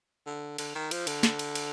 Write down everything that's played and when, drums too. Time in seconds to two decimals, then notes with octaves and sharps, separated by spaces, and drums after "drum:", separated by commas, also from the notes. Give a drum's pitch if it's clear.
0.27 D3
0.58 D3, drum: cymbal
0.75 D#3
0.91 F3, drum: cymbal
1.07 D3, drum: cymbal
1.23 drum: snare
1.39 drum: cymbal
1.55 drum: cymbal